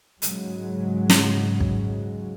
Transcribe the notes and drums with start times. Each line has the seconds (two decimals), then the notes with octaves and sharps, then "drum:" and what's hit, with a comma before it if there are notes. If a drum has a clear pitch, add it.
0.22 G#2 C#3 F#3 G#3, drum: hi-hat
1.10 drum: snare
1.60 drum: kick